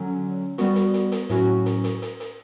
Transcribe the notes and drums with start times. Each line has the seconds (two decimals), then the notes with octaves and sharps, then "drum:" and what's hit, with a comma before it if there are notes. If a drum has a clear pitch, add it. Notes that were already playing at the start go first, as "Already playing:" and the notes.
Already playing: D3 F#3 C#4
0.58 G3 B3 F#4, drum: hi-hat
0.76 drum: hi-hat
0.94 drum: hi-hat
1.12 drum: hi-hat
1.29 A2 F#3 C#4 F#4, drum: hi-hat
1.66 drum: hi-hat
1.84 drum: hi-hat
2.02 drum: hi-hat
2.20 drum: hi-hat